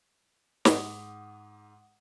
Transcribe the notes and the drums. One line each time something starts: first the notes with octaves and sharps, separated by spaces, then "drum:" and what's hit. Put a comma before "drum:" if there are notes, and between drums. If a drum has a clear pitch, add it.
G#2 F#5 D6 D#6, drum: snare